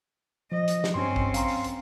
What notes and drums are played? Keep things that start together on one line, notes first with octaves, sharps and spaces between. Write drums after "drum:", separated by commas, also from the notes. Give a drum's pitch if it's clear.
F3 D#5
drum: hi-hat
drum: snare
G2 C4 C#4 C6
drum: kick A1
F5 A#5 C6, drum: hi-hat
drum: open hi-hat
drum: hi-hat